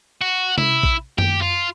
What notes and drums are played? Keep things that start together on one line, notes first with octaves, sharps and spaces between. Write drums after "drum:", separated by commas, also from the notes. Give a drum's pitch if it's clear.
F#4
E4, drum: tom C3
drum: kick A#1
G4, drum: tom F#2
F4